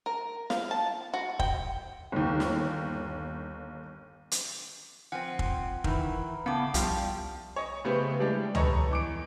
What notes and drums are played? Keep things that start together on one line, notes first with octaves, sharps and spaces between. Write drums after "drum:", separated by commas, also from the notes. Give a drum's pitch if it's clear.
A#4
F5, drum: snare
A5
F#4
G5, drum: kick
G1 D#2
drum: snare
drum: hi-hat
F3 C4 F#5 G#5
drum: kick
D#3 E3 E5 B5, drum: kick
A2 C#3 B3 E5 F5 G5 A5 D6
C2 F3 G3 F4, drum: hi-hat
C#5 D#5
C#3 A3 B3 G4 B4 C5
G3 G#3 D4 E4 G4
A4 B4 C#5 D#5 A#5, drum: tom C#2
E2 D6 D7